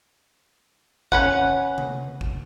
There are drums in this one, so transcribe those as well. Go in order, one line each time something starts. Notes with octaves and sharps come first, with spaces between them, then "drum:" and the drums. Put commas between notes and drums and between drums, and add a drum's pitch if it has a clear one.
C#4 B4 F#5, drum: kick G#1
drum: tom C3
drum: kick G#1